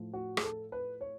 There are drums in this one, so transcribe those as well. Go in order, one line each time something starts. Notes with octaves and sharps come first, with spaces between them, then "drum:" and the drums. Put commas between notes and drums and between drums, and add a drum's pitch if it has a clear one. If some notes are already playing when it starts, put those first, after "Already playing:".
Already playing: A2 F3
F#4
G#4, drum: rim click
A4
B4
C#5